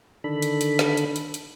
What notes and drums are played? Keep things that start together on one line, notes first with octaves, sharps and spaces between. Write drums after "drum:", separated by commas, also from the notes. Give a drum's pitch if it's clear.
D3 D#3 D4 A4 B5
drum: hi-hat
drum: hi-hat
drum: snare
drum: hi-hat
drum: hi-hat
drum: hi-hat